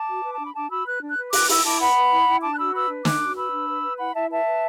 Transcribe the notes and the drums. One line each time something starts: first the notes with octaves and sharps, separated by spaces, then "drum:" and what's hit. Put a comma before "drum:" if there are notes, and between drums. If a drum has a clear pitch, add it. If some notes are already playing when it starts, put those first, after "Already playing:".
Already playing: A5 D6
F#4
B4
D4 A5
B5
D4 A5 D6
F#4 B5 E6
B4 F#6
D4
F#6
B4
B4 D6 F#6, drum: open hi-hat
E4 B5 E6, drum: open hi-hat
E4 A5 D6
B4 F#5 B5
B4
E4
E4
D4 A5 D6
F#6
F#4 B5 E6
B4 B5 E6
D4
D4 D6 F#6, drum: snare
F#4
B4 B5 E6
D4
B4
B4
E4 F#5 B5
E4 E5 A5
B4 E5 A5
B4